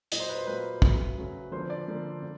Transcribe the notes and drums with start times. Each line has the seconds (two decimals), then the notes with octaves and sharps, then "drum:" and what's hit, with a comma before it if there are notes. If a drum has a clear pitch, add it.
0.12 A#2 F#3 A#3 D#5, drum: hi-hat
0.20 C5
0.29 B4
0.38 C5
0.47 A#2 F#3 A#3 B4
0.82 C#3 F#3 A3, drum: kick
1.18 C#3 F#3 A3
1.52 D3 F3 A#3 C5
1.70 D5
1.88 D3 F3 A#3
2.22 D3